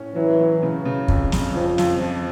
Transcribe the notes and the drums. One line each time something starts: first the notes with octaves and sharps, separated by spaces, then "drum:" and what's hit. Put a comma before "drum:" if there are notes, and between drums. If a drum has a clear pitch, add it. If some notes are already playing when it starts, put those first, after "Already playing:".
Already playing: A2 C#4
E3 F#3
F#3
C#3
C#3
F2, drum: kick
C#3, drum: snare
F2 F3
F2, drum: snare
F3